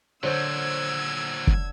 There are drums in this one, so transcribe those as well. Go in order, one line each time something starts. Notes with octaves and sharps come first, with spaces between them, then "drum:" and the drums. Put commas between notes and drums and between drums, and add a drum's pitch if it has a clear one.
A#2 D3 F#3 C5 C#5 E6 G6 G#6
drum: kick